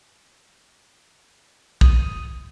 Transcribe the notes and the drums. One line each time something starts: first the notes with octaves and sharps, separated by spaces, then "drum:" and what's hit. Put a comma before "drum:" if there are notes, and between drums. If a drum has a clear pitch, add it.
D#6, drum: kick